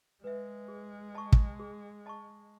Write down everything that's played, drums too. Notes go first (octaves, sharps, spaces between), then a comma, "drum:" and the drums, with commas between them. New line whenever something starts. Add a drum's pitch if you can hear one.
G#3 B4 E5
G#4
D#5 A5 C#6
drum: kick
G#4
D#5 A5 C#6